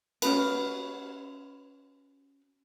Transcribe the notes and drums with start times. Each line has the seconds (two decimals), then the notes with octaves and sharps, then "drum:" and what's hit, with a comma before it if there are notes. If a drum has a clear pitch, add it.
0.22 C#4 D4 F#4 B4, drum: cymbal